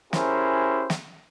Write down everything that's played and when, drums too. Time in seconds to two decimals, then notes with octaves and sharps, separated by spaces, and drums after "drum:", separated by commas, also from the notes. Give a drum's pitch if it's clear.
0.13 C#4 E4 G4 G#4 A#4 C5, drum: snare
0.90 drum: snare